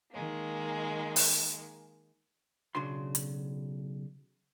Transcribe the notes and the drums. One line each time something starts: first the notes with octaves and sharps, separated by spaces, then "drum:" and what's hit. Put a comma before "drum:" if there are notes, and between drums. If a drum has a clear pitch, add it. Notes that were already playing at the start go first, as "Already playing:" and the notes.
D#3 G#3 A#3
drum: open hi-hat
B1 C#3 D4 F#4 C6
drum: hi-hat